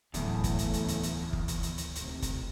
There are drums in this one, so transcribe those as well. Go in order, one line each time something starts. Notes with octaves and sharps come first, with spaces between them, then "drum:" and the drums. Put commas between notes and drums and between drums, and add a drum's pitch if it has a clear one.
D1 E2 A2 C#3 A3, drum: hi-hat
drum: kick, hi-hat
drum: hi-hat
drum: hi-hat
drum: hi-hat
drum: hi-hat
drum: kick
drum: hi-hat
drum: hi-hat
drum: hi-hat
A1 C3 D#3, drum: hi-hat
drum: kick, hi-hat